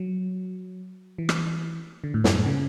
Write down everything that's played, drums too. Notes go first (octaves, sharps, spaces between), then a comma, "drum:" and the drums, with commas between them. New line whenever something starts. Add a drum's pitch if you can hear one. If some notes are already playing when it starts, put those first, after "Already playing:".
Already playing: F#3
E3
drum: rim click
D3
A2
F#2, drum: snare
A2
C#3